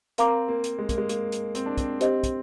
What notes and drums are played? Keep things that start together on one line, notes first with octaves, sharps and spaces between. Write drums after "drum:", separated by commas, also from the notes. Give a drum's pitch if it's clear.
C4 A#4 F5 A#5 D6, drum: hi-hat
A#3
drum: hi-hat
G#3
A#3, drum: kick, hi-hat
G#3
A#3, drum: hi-hat
drum: hi-hat
C4, drum: hi-hat
D4
C4, drum: kick, hi-hat
C4 G4 C5 D#5, drum: hi-hat
drum: kick, hi-hat